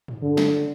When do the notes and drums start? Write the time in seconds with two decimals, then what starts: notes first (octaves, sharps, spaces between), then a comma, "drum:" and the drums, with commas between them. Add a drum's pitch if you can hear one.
0.08 drum: tom G2
0.22 D3
0.37 drum: snare